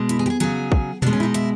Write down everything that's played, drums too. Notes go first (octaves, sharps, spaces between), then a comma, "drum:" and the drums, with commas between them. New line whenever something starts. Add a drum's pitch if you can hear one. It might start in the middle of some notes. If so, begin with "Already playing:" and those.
Already playing: B2 G#3
E4, drum: hi-hat
G#4
G4
G#4
C#3 F#3 G#4, drum: hi-hat
drum: kick
B2 G#3 D4, drum: tom A#2
C#4
E4
D#4
E4, drum: hi-hat